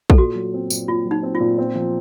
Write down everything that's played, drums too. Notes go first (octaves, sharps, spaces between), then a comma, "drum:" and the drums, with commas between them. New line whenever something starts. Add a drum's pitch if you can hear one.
A4, drum: kick
A#2 F#4
F#3
C4
A#2, drum: tambourine
A#2 F4
F#3
D#4
C4
F4
A#2
C4
F3